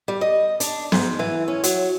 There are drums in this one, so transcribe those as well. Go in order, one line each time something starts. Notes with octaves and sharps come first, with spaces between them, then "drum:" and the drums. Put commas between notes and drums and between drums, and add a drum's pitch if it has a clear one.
G3
D#5
D4, drum: hi-hat
G#2, drum: snare B3
E3
C#4
F#3, drum: hi-hat